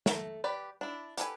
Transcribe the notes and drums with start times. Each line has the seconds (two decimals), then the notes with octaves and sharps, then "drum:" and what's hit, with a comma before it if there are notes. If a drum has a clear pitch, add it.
0.06 A3 A4 C#5 A#5, drum: snare
0.44 G4 B4 D5
0.81 D4 E4
1.17 G4 A4 B4 G#5, drum: hi-hat